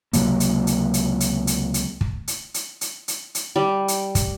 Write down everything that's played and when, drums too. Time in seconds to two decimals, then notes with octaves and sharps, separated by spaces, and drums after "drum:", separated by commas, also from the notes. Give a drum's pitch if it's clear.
0.13 C#2 C3 F#3 A#3, drum: hi-hat
0.40 drum: hi-hat
0.67 drum: hi-hat
0.94 drum: hi-hat
1.20 drum: hi-hat
1.47 drum: hi-hat
1.74 drum: hi-hat
2.01 drum: kick
2.28 drum: hi-hat
2.54 drum: hi-hat
2.81 drum: hi-hat
3.08 drum: hi-hat
3.35 drum: hi-hat
3.56 G3
3.88 drum: hi-hat
4.15 drum: kick, hi-hat